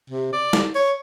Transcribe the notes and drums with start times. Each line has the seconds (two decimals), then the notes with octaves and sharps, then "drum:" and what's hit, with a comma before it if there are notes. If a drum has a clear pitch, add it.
0.10 C3
0.33 D5
0.53 drum: snare
0.75 C#5